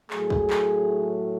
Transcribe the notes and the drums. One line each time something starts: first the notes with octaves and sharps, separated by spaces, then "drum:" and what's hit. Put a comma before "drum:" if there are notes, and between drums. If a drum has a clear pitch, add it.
A2 F#3 A3 G#4, drum: clap
drum: kick
drum: clap